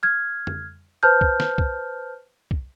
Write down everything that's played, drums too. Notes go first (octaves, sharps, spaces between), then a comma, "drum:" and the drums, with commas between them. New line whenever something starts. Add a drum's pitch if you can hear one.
F6 G#6
drum: tom
B4 C5 A5 F6 G6
drum: kick C2
drum: snare
drum: kick C2
drum: kick C2